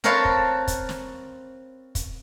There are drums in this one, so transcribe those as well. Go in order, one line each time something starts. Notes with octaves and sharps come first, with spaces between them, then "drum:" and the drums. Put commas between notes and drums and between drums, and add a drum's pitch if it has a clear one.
C4 A#4 B4 C#5 F5 A5
drum: kick
drum: kick, hi-hat
drum: snare
drum: kick, hi-hat